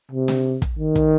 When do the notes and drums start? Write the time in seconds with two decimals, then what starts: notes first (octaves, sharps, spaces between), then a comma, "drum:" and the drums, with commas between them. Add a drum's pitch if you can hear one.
0.11 C3
0.28 drum: snare
0.62 drum: kick, hi-hat
0.79 D#3
0.95 drum: kick, hi-hat